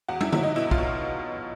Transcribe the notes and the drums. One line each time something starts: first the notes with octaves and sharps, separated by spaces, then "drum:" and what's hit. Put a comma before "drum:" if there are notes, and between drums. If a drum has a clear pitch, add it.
E2 F#4
E4, drum: tom
F#3 E4, drum: tom D3
D#4
B2 E4
F4, drum: kick
B2